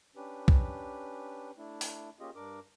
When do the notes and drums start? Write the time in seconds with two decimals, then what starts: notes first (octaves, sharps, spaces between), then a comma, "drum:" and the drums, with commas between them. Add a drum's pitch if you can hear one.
0.16 C#4 D4 G4 B4
0.48 drum: kick B1
1.58 A3 D4 E4
1.81 drum: open hi-hat
2.20 A#3 C#4 F4 G4 G#4 D#5
2.35 G2 D4 A#4 D6